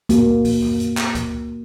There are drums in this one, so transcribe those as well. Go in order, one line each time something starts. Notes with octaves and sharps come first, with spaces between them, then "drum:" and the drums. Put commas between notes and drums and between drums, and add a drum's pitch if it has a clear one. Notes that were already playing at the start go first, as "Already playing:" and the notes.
A#3 F#4, drum: kick C#2, hi-hat
drum: kick C#2, open hi-hat
drum: tom G2
drum: hi-hat
drum: clap
drum: kick C#2, hi-hat